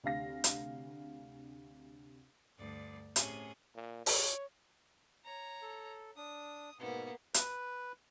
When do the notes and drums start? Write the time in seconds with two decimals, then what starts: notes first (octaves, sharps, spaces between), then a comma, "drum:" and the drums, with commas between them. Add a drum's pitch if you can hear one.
0.04 D2 C3 F5 A#6
0.44 drum: hi-hat
2.58 D2 G2 D5
3.16 A2 C3 C#4 G#4, drum: hi-hat
3.76 A#2
4.06 C#5, drum: open hi-hat
5.24 C#5 A#5
5.62 A4
6.17 D4 D#6
6.80 G#2 B2 A#3 B3
7.34 B4, drum: hi-hat